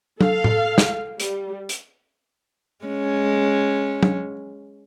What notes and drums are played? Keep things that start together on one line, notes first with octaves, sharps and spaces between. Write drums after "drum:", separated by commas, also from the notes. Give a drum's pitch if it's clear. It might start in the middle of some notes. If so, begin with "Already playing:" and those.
A4 F5, drum: tom
drum: tom A2
drum: snare
G3, drum: hi-hat
drum: hi-hat
G#3 C#4
drum: tom